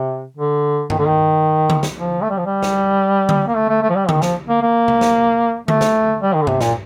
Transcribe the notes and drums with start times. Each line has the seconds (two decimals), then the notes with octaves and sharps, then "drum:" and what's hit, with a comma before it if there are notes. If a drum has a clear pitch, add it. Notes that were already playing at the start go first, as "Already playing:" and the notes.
Already playing: C3
0.37 D3
0.90 D#3, drum: tom G2
0.98 D3
1.07 D#3
1.70 drum: tom D3
1.83 drum: snare
1.97 F3
2.23 A3
2.30 G3
2.38 F3
2.45 G3
2.63 drum: snare
3.29 drum: tom D3
3.47 A#3
3.55 A3
3.69 A3
3.82 A3
3.89 F3
3.95 G3
4.09 D#3, drum: tom D3
4.22 F3, drum: snare
4.49 A#3
4.62 A#3
4.88 drum: tom C3
5.01 drum: snare
5.68 A3, drum: tom D3
5.81 drum: snare
6.21 G3
6.34 D#3
6.42 D3
6.47 C3, drum: tom G2
6.61 A#2, drum: snare